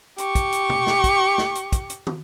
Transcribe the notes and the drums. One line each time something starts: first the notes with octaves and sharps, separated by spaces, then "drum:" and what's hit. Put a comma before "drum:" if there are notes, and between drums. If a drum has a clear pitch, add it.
G4 C#6, drum: hi-hat
drum: kick, hi-hat
drum: hi-hat
drum: tom B2
drum: snare
drum: kick, hi-hat
drum: snare
drum: hi-hat
drum: kick, hi-hat
drum: hi-hat
drum: tom